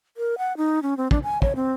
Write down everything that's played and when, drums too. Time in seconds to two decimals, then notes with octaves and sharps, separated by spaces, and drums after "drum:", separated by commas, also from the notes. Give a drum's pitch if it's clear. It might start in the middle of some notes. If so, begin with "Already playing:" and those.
0.17 A#4
0.38 F#5
0.57 D#4
0.83 C#4
0.97 C4
1.11 D4, drum: kick
1.23 G#5
1.42 C#5, drum: kick
1.56 C4